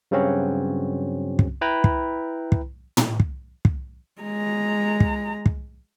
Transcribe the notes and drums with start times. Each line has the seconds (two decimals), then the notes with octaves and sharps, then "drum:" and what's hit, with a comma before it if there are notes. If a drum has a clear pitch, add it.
0.11 G2 C#3 F#3 C4 C#4 F#4
1.39 drum: kick
1.61 E4 B4 G5 A#5 B5
1.84 drum: kick
2.52 drum: kick
2.97 drum: tom
3.20 drum: kick
3.65 drum: kick
4.22 G#3 A#5
5.00 drum: kick
5.46 drum: kick